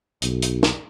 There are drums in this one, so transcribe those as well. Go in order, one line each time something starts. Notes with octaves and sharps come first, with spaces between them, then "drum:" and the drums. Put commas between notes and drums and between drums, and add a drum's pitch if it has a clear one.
B1, drum: hi-hat
drum: hi-hat
drum: snare